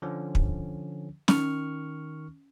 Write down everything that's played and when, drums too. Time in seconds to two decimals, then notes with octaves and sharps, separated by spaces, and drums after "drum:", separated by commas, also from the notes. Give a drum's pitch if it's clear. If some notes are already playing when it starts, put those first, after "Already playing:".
0.02 D3 F3 C#4
0.35 drum: kick
1.28 D#3 C#4 C#6 F6, drum: snare